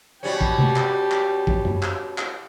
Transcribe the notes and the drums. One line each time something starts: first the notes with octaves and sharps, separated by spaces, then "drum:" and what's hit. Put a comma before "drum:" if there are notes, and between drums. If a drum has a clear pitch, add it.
B2 G3 C#4 G4
drum: kick
drum: tom
drum: clap
drum: clap
drum: kick
drum: tom
drum: clap
drum: clap